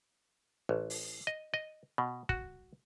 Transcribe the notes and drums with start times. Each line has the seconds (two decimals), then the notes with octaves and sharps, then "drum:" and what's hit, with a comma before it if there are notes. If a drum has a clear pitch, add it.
0.69 A1
0.90 drum: open hi-hat
1.27 D#5
1.54 D#5
1.98 B2
2.29 F#4, drum: kick